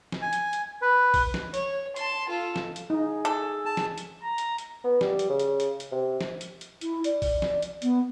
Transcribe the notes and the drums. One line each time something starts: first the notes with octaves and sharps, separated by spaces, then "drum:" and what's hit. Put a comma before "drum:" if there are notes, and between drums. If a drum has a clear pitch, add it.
drum: snare
G#5
drum: hi-hat
drum: hi-hat
B4
drum: kick A#1, open hi-hat
drum: snare
C#5, drum: hi-hat
A5 C6, drum: hi-hat
F4 A4
drum: snare
drum: hi-hat
D#4 G#4
A4
A5
drum: snare
drum: hi-hat
A#5
drum: hi-hat
drum: hi-hat
B3
G3, drum: snare
drum: hi-hat
C#3
drum: hi-hat
drum: hi-hat
drum: hi-hat
C3
drum: snare
drum: hi-hat
drum: hi-hat
E4, drum: hi-hat
D5, drum: hi-hat
drum: kick A#1, open hi-hat
drum: snare
drum: hi-hat
B3, drum: hi-hat